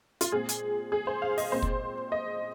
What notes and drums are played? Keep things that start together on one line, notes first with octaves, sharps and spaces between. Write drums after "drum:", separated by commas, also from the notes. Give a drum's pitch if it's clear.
F4, drum: hi-hat
A#2 G#3 C4 G#4
drum: hi-hat
G#4
C5
F5
D#5, drum: open hi-hat
A#2 G#3 C4 C5
drum: kick
D#5